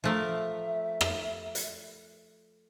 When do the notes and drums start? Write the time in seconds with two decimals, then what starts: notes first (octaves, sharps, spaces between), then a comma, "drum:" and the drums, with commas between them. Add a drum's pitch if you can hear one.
0.04 F3 A3 A#4 E5
1.01 drum: rim click
1.55 drum: hi-hat